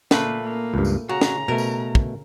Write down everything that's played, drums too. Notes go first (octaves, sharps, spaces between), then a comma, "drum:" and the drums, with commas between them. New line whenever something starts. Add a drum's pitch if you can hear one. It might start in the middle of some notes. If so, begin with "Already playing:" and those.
A#2 A3 A#3 B4, drum: snare
A#3
C#2 G2
drum: tambourine
C#3 F#4 A#5
drum: snare
B2 A3 A#4
drum: tambourine
drum: kick